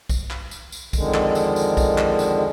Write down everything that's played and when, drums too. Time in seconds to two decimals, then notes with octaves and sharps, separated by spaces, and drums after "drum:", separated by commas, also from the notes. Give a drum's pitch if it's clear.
0.09 drum: kick B1, tambourine
0.30 drum: clap
0.51 drum: tambourine
0.72 drum: tambourine
0.93 F2 D3 D#3 G#3, drum: kick B1, tambourine
1.14 drum: clap
1.35 drum: tambourine
1.56 drum: tambourine
1.77 drum: kick B1, tambourine
1.98 drum: clap
2.19 drum: tambourine